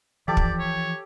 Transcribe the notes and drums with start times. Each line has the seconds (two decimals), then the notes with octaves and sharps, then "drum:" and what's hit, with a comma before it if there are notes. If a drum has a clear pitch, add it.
0.28 E3 F3 G4 A4 D5
0.37 drum: kick
0.59 C#5